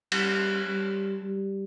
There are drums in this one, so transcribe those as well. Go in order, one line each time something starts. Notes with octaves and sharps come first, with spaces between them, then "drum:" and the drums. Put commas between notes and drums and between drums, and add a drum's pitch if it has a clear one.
G3, drum: cymbal
G3
G3